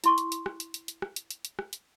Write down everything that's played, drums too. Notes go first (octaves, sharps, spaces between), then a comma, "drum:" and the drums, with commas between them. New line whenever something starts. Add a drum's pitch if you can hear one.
E4 C6 C#6, drum: hi-hat
drum: hi-hat
drum: hi-hat
drum: rim click
drum: hi-hat
drum: hi-hat
drum: hi-hat
drum: rim click
drum: hi-hat
drum: hi-hat
drum: hi-hat
drum: rim click
drum: hi-hat